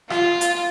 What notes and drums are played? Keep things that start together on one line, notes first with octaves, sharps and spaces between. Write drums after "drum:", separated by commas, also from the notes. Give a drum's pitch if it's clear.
F4, drum: rim click
drum: hi-hat